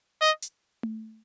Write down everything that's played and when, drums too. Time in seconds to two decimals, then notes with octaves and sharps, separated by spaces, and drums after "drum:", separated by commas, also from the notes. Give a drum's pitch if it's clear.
0.21 D#5
0.42 drum: hi-hat
0.83 drum: tom A3